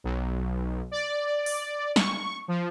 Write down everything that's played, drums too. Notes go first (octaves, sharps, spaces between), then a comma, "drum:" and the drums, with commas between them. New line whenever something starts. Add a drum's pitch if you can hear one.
B1
D5
drum: open hi-hat
C#6, drum: snare
F3